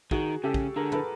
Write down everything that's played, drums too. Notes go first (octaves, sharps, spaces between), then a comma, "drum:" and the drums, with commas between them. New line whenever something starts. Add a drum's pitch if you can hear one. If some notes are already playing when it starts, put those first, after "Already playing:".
D#3 F#4 G#4, drum: kick
C#3 G4 A4
drum: kick
D3 G#4 A#4
A4 B4, drum: tom